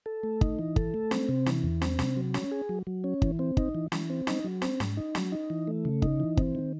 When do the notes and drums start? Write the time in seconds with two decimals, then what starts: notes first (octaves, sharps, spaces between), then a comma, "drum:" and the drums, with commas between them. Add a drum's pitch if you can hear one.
0.06 A4
0.23 A3
0.41 D#4, drum: kick
0.59 E3
0.76 A4, drum: kick
0.94 A3
1.11 C4, drum: snare
1.29 C3
1.46 E3, drum: snare
1.64 E2
1.82 C4, drum: snare
1.99 C3, drum: snare
2.17 F#3
2.34 C#4, drum: snare
2.51 G#4
2.69 F#3
2.87 F#3
3.04 C#4
3.22 E3, drum: kick
3.39 C4
3.57 D#4, drum: kick
3.75 E3
3.92 E3, drum: snare
4.10 C4
4.27 D#4, drum: snare
4.44 F#3
4.62 C4, drum: snare
4.80 G#2, drum: snare
4.97 D#4
5.15 F#3, drum: snare
5.32 D#4
5.50 E3
5.67 A3
5.85 C#3
6.02 D#4, drum: kick
6.20 E3
6.37 C4, drum: kick
6.55 D#3